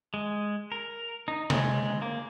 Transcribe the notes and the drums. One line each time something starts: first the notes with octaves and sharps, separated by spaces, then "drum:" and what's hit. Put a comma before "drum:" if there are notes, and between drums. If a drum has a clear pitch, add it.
G#3
A#4
D#4
G#3, drum: tom C3
A#3